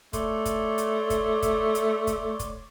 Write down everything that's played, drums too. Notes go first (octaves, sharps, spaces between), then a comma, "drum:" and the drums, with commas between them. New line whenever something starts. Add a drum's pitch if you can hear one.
A3 C#5 D5 C6, drum: kick F1, hi-hat
drum: kick F1, hi-hat
drum: hi-hat
drum: kick F1, hi-hat
drum: kick F1, hi-hat
drum: hi-hat
drum: kick F1, hi-hat
drum: kick F1, hi-hat